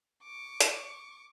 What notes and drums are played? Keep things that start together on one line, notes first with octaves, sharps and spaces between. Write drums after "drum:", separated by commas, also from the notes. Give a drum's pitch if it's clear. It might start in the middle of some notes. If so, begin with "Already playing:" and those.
C#6 D6
drum: hi-hat